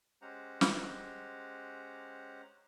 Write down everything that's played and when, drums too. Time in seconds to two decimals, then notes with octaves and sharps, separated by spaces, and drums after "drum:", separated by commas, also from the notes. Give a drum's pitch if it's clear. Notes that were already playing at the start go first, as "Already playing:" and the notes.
0.22 G#3 C#4 G4 C5 F#5 A#5
0.61 drum: snare